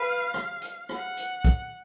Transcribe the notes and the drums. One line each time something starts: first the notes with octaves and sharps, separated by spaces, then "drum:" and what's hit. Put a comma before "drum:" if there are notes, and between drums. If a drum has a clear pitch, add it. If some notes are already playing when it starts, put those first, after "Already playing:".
Already playing: B4 F5
drum: rim click
drum: hi-hat
F#5, drum: rim click
drum: hi-hat
drum: kick, hi-hat